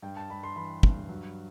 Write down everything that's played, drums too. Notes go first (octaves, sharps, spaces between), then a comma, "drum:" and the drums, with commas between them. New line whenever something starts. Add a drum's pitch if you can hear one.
G2 G5
A5
G2 B5
C6
E3 B5
G2, drum: kick
F#3